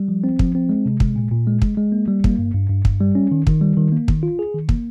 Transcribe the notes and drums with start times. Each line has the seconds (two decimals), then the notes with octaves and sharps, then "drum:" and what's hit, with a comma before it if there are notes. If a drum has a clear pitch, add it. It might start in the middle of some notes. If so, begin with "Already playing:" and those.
Already playing: G3
0.09 F3
0.24 C4
0.39 F3, drum: kick
0.55 C4
0.69 G#3
0.86 C3
1.00 G#3, drum: kick
1.16 A#2
1.31 A#2
1.47 G#3
1.62 G#3, drum: kick
1.77 G#3
1.92 A#3
2.08 G3
2.24 A#3, drum: kick
2.39 G2
2.54 G2
2.70 G2
2.85 G2, drum: kick
3.01 G3
3.15 C#4
3.31 D#3
3.47 D#3, drum: kick
3.61 G3
3.77 D#3
3.92 A#3
4.08 D#3, drum: kick
4.23 F4
4.39 G#4
4.54 D#3
4.69 A#3, drum: kick